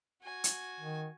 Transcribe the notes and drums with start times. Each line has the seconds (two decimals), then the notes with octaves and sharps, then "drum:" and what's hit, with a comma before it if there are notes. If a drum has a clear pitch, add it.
0.22 F#4 G#5
0.44 drum: hi-hat
0.80 D#3